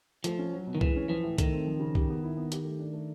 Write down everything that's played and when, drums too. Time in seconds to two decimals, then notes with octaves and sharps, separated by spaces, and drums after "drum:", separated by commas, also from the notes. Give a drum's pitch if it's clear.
0.24 F3 A3, drum: hi-hat
0.38 C#4
0.53 F#3
0.67 B2
0.75 D#3
0.81 E3 G#3, drum: kick
0.96 C#4
1.09 E3 F3
1.24 A2
1.38 D#3 A3, drum: kick, hi-hat
1.52 C4
1.67 F3
1.80 C#3
1.95 G4, drum: kick
2.09 B3
2.23 E4
2.37 B3
2.52 G4, drum: hi-hat
2.65 A3
2.79 D4
2.93 A3